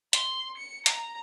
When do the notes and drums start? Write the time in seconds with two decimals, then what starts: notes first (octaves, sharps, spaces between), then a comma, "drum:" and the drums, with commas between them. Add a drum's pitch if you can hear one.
0.13 C6, drum: hi-hat
0.57 C#7
0.86 A#5, drum: hi-hat